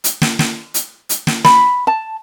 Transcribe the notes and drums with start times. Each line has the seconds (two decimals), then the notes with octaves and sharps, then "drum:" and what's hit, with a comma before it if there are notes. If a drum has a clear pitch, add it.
0.04 drum: hi-hat
0.22 drum: snare
0.39 drum: snare
0.74 drum: hi-hat
1.09 drum: hi-hat
1.27 drum: snare
1.45 B5, drum: snare
1.87 A5